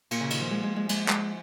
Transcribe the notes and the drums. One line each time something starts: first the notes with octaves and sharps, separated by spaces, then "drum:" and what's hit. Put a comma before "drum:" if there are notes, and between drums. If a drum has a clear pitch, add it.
A#2, drum: cymbal
C#3
D#3, drum: cymbal
F3
G#3
G#3
G#3
G#3, drum: cymbal
G#3, drum: clap